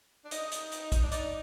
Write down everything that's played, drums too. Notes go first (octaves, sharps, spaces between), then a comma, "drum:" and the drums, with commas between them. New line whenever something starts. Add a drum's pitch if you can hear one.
D4
D#4 D#5, drum: hi-hat
drum: hi-hat
drum: hi-hat
drum: kick A#1, hi-hat
D4
D#4 D5, drum: hi-hat